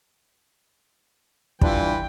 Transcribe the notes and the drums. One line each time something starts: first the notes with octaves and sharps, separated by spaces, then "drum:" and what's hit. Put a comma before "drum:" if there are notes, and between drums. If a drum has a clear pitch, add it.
E3 G3 D4 F4 B4 G5, drum: kick